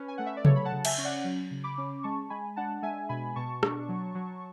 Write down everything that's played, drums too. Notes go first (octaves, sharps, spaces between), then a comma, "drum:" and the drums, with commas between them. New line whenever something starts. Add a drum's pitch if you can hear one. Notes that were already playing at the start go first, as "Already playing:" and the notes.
Already playing: C#4 B4
G#5
A3 F#5
E5
D5
F#3 A4 C#5, drum: tom C3
B5
F#5 A5
C#3
E5 G#5, drum: cymbal
C#4
D5 F#5
F#3
C#3
B5 D6
C#4
G#3 A5 C#6
G#3 G#5 B5
D4 F#5 A5
G#3 E5 G#5
B2 G#5 B5
B2 A5 C#6
D4, drum: rim click
F#3
F#3